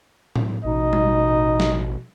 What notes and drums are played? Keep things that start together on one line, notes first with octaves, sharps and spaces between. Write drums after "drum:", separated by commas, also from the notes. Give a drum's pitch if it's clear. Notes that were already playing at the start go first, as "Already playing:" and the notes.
drum: tom A2
A1 B2 D#4 D#5
drum: tom G3
drum: snare F#3